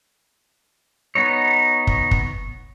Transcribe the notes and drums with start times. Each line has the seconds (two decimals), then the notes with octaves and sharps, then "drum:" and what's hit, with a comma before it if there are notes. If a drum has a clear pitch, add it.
1.15 B3 D#4 C#5
1.87 drum: kick
2.11 drum: kick